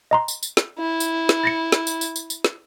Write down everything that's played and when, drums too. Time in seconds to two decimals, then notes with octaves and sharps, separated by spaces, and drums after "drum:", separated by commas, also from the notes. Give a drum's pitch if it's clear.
0.11 D#5 A#5 C6
0.28 drum: tambourine
0.43 drum: tambourine
0.57 drum: snare
0.79 E4
1.00 drum: tambourine
1.29 drum: snare
1.44 A6 A#6 C#7
1.72 drum: snare
1.87 drum: tambourine
2.01 drum: tambourine
2.16 drum: tambourine
2.30 drum: tambourine
2.45 drum: snare